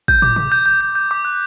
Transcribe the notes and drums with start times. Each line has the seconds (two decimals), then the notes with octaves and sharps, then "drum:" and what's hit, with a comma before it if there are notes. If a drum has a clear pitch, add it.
0.08 G6, drum: kick
0.22 D6, drum: tom
0.36 D6, drum: tom C3
0.52 G6
0.66 G6
0.81 G6
0.95 G6
1.11 D6
1.25 F#6